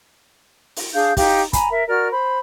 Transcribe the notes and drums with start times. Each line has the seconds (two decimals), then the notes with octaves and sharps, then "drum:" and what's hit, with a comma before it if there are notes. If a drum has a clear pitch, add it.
0.76 drum: open hi-hat
0.94 D4 G#4 F5 G6
1.17 D#4 G4 F5, drum: kick, open hi-hat
1.53 G#5 A#5 B5, drum: kick, hi-hat
1.71 A#4 E5
1.88 F#4 A#4 D5 F6
2.11 C5 B5